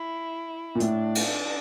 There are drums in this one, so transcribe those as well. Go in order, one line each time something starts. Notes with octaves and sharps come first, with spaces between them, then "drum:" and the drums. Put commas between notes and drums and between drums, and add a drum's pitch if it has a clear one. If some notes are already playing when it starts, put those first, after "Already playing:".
Already playing: E4
A#2
A2 D4, drum: hi-hat
drum: cymbal